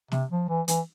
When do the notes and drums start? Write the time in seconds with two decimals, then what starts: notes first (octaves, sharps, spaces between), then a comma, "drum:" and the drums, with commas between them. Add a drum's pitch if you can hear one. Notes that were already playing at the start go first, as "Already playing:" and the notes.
0.12 C3, drum: snare
0.31 F3
0.49 E3
0.68 E3, drum: hi-hat